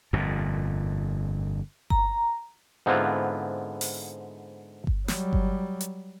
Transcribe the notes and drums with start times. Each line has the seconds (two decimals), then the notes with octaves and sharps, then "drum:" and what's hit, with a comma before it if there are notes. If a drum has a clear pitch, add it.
0.13 G1 F2 A#2
1.90 A#5, drum: kick G1
2.86 G#2 D3 B3 C4 E4 F4
3.81 drum: open hi-hat
4.87 drum: kick G1
5.08 F#3 G3, drum: snare
5.33 drum: kick G1
5.81 drum: hi-hat